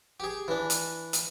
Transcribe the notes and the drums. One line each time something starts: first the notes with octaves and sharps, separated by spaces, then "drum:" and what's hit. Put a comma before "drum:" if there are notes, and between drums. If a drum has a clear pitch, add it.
G4 G#4
E3 D4
drum: hi-hat
drum: hi-hat